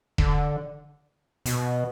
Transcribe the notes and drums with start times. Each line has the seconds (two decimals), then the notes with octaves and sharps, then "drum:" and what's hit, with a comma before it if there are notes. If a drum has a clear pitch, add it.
0.18 D3, drum: kick E1
1.46 B2, drum: hi-hat